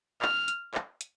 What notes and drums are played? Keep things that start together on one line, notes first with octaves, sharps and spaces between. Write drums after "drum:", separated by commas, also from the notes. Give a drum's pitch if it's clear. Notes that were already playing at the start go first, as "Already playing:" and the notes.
F6, drum: clap
drum: hi-hat
drum: clap
drum: hi-hat